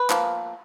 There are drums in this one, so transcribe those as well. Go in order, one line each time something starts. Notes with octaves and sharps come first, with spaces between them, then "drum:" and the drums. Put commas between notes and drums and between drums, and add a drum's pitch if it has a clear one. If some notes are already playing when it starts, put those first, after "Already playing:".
Already playing: B4
F3 A#3, drum: clap